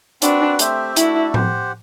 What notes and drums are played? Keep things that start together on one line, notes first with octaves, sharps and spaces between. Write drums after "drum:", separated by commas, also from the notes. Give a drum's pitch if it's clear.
C4 D4 F#4 B4 F#5, drum: hi-hat
A3 C4 G4 C5 E5, drum: hi-hat
A3 D4 E4 F#4 A4, drum: hi-hat
G4 C5 F#5, drum: tom